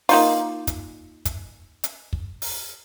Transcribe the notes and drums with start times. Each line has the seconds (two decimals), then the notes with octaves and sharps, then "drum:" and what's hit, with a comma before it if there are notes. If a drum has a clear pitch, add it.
0.09 A#3 D#4 F4, drum: open hi-hat
0.67 drum: kick, hi-hat
1.25 drum: kick, hi-hat
1.84 drum: hi-hat
2.13 drum: kick
2.42 drum: open hi-hat